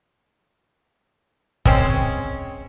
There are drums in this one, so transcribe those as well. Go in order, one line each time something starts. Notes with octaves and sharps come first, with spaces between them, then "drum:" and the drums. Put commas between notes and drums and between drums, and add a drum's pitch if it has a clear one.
G#3 C4 C#4, drum: kick